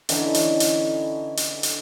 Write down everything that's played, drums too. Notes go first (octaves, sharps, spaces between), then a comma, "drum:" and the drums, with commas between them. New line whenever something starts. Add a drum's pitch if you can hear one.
D3 E3 C#4 D#4, drum: hi-hat
drum: hi-hat
drum: hi-hat
drum: hi-hat
drum: hi-hat